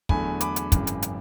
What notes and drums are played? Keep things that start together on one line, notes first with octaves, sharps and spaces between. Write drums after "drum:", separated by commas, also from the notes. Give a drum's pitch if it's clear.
E2 D3 F#3 A3 G#5 B5, drum: kick
B5 D6, drum: hi-hat
drum: hi-hat
G#1 F#2 C#3 E3, drum: kick, hi-hat
drum: hi-hat
drum: hi-hat